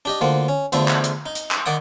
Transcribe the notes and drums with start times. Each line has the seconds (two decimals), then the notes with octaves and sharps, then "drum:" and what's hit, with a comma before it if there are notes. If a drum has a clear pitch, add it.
0.05 D4 G4 D#5
0.21 D2 F3 A#3 F#5
0.48 C#4
0.72 E2 D3 F3 A3 E4, drum: hi-hat
0.88 drum: clap
1.04 drum: hi-hat
1.26 D#4
1.35 drum: hi-hat
1.51 drum: clap
1.66 D#3 D5 F#5 D#6